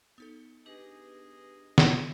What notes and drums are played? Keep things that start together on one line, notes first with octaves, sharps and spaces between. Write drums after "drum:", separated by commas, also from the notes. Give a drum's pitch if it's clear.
B3 D#4 A4
D4 G4 G#4 B4 D#5
drum: snare